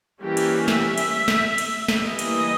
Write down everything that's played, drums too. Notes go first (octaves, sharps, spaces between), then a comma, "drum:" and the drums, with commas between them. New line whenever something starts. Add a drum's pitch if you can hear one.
E3 G3 A#3 C#4 G4
drum: cymbal
E5, drum: snare
drum: cymbal
drum: snare
drum: cymbal
drum: snare
E3 G3 A#3 D#5
drum: cymbal